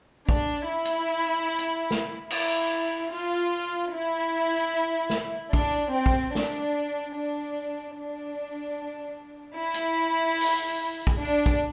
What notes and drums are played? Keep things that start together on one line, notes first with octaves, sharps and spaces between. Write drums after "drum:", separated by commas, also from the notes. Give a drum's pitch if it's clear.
D4, drum: kick
E4
drum: hi-hat
drum: hi-hat
drum: snare
E4, drum: cymbal
F4
E4
drum: snare
D4, drum: kick
C4
drum: kick
D4, drum: snare
D4
D4
E4
drum: hi-hat
drum: open hi-hat
drum: kick
D4
drum: kick